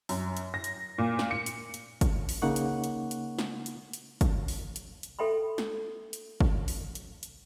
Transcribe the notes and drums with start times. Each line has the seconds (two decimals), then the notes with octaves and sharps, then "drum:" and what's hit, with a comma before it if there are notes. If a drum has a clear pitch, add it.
0.09 F#2, drum: open hi-hat
0.37 drum: hi-hat
0.54 A#6
0.64 drum: hi-hat
0.98 A#2
1.19 drum: snare
1.31 C#7
1.46 drum: hi-hat
1.74 drum: hi-hat
2.01 drum: kick, hi-hat
2.29 drum: open hi-hat
2.42 C#3 A#3 D#4 F#5 C#6
2.56 drum: hi-hat
2.84 drum: hi-hat
3.11 drum: hi-hat
3.39 drum: snare
3.66 drum: hi-hat
3.93 drum: hi-hat
4.21 drum: kick, hi-hat
4.48 drum: open hi-hat
4.76 drum: hi-hat
5.03 drum: hi-hat
5.19 A4 E5 G5 B5 C6
5.58 drum: snare
6.13 drum: hi-hat
6.40 drum: kick
6.68 drum: open hi-hat
6.95 drum: hi-hat
7.23 drum: hi-hat